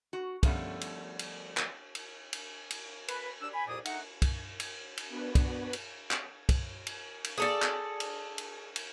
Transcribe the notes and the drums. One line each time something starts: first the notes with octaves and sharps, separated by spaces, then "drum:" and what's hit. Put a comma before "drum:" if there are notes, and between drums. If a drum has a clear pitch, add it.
F#4
D3 F3 G3 A3 B3 C#4, drum: kick, cymbal
drum: cymbal
drum: cymbal
drum: clap
drum: cymbal
drum: cymbal
drum: cymbal
B4, drum: cymbal
G3 D4 E6
G#5 B5
C2 F2 A#2 G#4 D5 D#6
A3 D#4 F#5, drum: cymbal
drum: kick, cymbal
drum: cymbal
drum: cymbal
B3 D4 F#4 B4
drum: kick, cymbal
drum: cymbal
drum: clap
drum: kick, cymbal
drum: cymbal
drum: cymbal
G#4 A4 D5
drum: clap
drum: cymbal
drum: cymbal
drum: cymbal